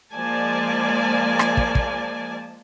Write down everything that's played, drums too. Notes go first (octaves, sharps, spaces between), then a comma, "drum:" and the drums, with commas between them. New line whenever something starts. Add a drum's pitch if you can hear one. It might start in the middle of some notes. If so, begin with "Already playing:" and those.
F3 G#3 A#3 D5 G#5 A5
drum: rim click
drum: kick
drum: kick